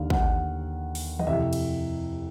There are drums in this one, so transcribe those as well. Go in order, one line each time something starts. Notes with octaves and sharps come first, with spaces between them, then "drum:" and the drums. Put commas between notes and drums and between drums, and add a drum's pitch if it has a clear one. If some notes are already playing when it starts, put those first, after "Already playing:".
Already playing: D#2 D3 F5
F#5, drum: kick A1
drum: open hi-hat
D#5, drum: tom D#3
F2 C3 E3 E5
drum: cymbal